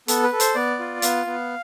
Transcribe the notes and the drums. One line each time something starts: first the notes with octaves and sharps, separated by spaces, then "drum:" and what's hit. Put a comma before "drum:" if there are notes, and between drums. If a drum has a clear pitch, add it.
B3 A4, drum: hi-hat
B4
A4
C5, drum: hi-hat
B3 D5
F4
B3 F5, drum: hi-hat
B3